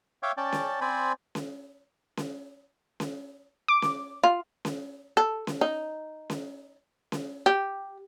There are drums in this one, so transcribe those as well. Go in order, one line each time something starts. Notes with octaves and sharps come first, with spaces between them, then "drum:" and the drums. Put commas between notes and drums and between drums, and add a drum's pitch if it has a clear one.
C#5 E5 F5 G5 D6
C#4 D5 G5 A5
drum: snare C#4
C4 C5 D5 G#5 B5
drum: snare C#4
drum: snare C#4
drum: snare C#4
D6
drum: snare C#4
F4
drum: snare C#4
A4
drum: snare C#4
D#4
drum: snare C#4
drum: snare C#4
G4